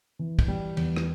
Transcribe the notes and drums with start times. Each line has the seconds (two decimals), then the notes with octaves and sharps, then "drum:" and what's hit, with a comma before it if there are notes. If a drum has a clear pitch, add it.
0.19 E3
0.39 drum: kick, cymbal
0.48 G3
0.77 E2, drum: cymbal
0.96 drum: rim click